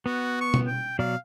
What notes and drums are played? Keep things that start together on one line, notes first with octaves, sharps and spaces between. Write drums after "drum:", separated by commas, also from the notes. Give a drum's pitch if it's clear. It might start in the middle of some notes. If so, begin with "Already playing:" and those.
B3 F#4
C#6
drum: tom B2
G5
B2 F#3 D5 F5